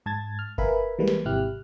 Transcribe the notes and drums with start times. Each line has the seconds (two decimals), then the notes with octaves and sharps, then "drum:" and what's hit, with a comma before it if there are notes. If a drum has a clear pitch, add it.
0.06 G#2 A5 G#6 A6
0.39 F6
0.58 A#4 B4 E5 F5 G#5 B5, drum: kick G1
0.99 E3 G3 G#3 A#3 B4
1.08 drum: snare
1.25 G#1 C3 E4 G4 F6 F#6